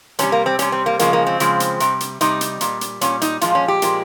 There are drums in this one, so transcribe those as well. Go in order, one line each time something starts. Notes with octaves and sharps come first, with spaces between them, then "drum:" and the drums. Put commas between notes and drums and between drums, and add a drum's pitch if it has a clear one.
C3 G3 C#4, drum: hi-hat
A#3
C4
C3 G3 C#4, drum: hi-hat
C4
A#3
C#3 F3 G#3 A#3, drum: hi-hat
A#3
C4
C#3 F3 G#3, drum: hi-hat
drum: hi-hat
C3 G3, drum: hi-hat
drum: hi-hat
C3 G3 D#4, drum: hi-hat
drum: hi-hat
A#2 G3, drum: hi-hat
drum: hi-hat
A#2 G3 C#4, drum: hi-hat
D#4, drum: hi-hat
A#2 F3 G#3 F4, drum: hi-hat
C#4
G4
A#2 F3 G#3, drum: hi-hat